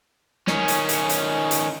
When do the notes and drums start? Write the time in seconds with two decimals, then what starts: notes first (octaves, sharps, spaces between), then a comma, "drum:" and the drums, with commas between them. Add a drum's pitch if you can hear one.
0.47 D#3 C#4, drum: snare
0.68 drum: hi-hat
0.89 drum: hi-hat
1.09 drum: hi-hat
1.51 drum: hi-hat